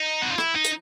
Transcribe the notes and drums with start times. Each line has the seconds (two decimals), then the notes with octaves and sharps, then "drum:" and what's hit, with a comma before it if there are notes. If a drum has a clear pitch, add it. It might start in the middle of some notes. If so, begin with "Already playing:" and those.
Already playing: D#4
0.22 F#4
0.31 F4
0.38 E4, drum: rim click
0.55 D#4
0.64 drum: hi-hat